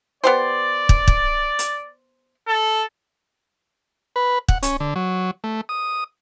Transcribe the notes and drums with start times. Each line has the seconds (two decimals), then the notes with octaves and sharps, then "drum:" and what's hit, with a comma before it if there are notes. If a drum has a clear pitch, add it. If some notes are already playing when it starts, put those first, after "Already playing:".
0.24 B3 G4 C5 D5
0.89 drum: kick
1.08 drum: kick
1.59 drum: hi-hat
2.48 A4
4.16 B4
4.48 F#5, drum: kick
4.63 C#4, drum: hi-hat
4.80 D3
4.96 F#3
5.44 A3
5.69 D#6